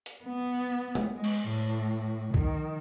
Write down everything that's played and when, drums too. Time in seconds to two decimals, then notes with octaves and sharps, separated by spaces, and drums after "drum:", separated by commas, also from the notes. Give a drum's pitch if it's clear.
0.06 drum: hi-hat
0.24 B3
0.95 drum: tom
1.15 G#3
1.24 drum: cymbal
1.49 A2
2.34 D#3, drum: kick B1